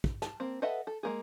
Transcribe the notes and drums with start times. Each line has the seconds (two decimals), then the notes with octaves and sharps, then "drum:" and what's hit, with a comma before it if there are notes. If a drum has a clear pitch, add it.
0.04 drum: kick
0.22 A5, drum: snare
0.40 A#3 C4
0.62 A4 B4 D#5 E5 F#5
0.87 A4
1.03 G#3 A#3 G#4